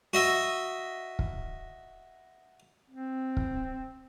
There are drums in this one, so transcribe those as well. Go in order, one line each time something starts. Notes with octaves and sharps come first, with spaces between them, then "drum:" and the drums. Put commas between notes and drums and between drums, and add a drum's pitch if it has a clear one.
F#4 D#5 E5
drum: kick
C4
drum: kick